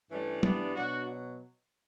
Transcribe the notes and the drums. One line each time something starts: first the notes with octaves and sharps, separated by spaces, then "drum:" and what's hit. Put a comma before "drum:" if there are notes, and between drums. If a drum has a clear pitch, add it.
G2 E3 G3 A3 C#4
B3 D4, drum: tom
B2 F#3 D4 F#4